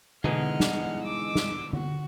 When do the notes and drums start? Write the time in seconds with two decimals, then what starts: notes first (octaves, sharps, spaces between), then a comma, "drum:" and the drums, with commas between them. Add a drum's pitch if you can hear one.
0.24 B2 D3 E3 G#3 D#4 F#5 F6, drum: tom D3
0.60 drum: snare
1.02 D6 E6
1.35 drum: snare
1.73 F#4, drum: tom D3